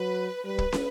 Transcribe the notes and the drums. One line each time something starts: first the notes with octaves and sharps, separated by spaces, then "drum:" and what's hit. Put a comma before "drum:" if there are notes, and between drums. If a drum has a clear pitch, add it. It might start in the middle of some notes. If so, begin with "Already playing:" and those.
Already playing: F#3 B4
G3 B4
drum: kick
drum: snare